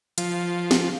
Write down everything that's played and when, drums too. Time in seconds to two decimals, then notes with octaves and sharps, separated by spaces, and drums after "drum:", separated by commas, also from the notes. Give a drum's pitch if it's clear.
0.18 F3, drum: hi-hat
0.71 drum: snare